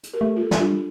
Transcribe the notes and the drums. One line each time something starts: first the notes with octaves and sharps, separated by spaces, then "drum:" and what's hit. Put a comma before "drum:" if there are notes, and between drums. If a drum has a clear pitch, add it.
drum: hi-hat
G4 A#4
A3
F4 A4
G3, drum: snare
D4 F4